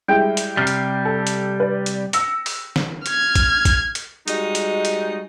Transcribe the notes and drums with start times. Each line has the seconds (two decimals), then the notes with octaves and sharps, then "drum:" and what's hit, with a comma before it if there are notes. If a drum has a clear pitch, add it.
0.08 G3 G#3 E4 G5
0.37 drum: hi-hat
0.57 C3 G3 F6 C7
0.67 drum: hi-hat
1.05 A4
1.27 drum: hi-hat
1.60 B4 D5
1.86 drum: hi-hat
2.13 E6 A#6 C#7, drum: hi-hat
2.46 drum: open hi-hat
2.76 drum: snare
3.06 F6 G#6, drum: hi-hat
3.35 drum: kick, hi-hat
3.65 drum: kick, hi-hat
3.95 drum: hi-hat
4.28 G3 G#3 D#4 F#4 D#5, drum: hi-hat
4.55 drum: hi-hat
4.85 drum: hi-hat